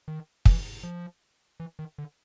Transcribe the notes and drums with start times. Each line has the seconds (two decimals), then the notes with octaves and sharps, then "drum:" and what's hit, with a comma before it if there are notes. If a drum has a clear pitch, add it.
0.08 D#3
0.45 E3, drum: kick
0.83 F3
1.60 E3
1.79 D#3
1.98 D3